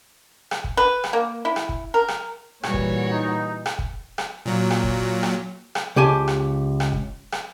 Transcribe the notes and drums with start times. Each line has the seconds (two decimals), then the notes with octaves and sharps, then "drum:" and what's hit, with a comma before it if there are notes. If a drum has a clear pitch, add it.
0.51 drum: rim click
0.64 drum: kick
0.77 B4
1.04 drum: rim click
1.13 A#3
1.45 E4
1.56 drum: rim click
1.69 drum: kick
1.94 A#4
2.08 drum: rim click
2.63 A#2 E3 G3 F#4 C#5, drum: rim click
2.74 drum: kick
3.10 D#4
3.66 drum: rim click
3.79 drum: kick
4.18 drum: rim click
4.46 A#2 F#3
4.70 drum: rim click
4.83 drum: kick
5.23 drum: rim click
5.75 drum: rim click
5.96 C#2 G4 G#5 A5
6.28 drum: rim click
6.80 drum: rim click
6.93 drum: kick
7.32 drum: rim click